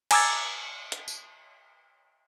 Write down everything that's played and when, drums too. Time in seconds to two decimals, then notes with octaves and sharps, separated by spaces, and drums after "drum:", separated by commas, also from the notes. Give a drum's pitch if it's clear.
0.11 G#5 A#5 D6 E6 G#6 A6, drum: cymbal
0.92 drum: hi-hat
1.08 drum: tambourine